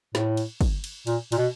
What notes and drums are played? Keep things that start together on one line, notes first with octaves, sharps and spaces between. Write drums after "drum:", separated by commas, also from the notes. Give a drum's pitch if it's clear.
A2, drum: snare
drum: cymbal
drum: kick, cymbal
drum: cymbal
A#2, drum: cymbal
A#2, drum: cymbal
B2